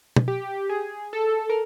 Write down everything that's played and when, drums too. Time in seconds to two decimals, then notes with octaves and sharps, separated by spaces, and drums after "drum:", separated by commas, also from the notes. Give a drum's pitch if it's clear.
0.16 drum: tom
0.28 G4
0.69 G#4
1.13 A4
1.49 A#4